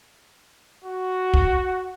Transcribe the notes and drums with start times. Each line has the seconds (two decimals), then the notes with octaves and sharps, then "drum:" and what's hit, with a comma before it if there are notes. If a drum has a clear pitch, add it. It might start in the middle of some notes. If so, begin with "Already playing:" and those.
0.84 F#4
1.34 drum: kick